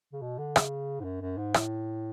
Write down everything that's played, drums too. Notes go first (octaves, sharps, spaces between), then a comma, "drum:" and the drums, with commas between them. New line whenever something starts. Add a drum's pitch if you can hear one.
C#3
B2
D3
C#3, drum: rim click
G#2
F#2
F#2
G#2
A2, drum: rim click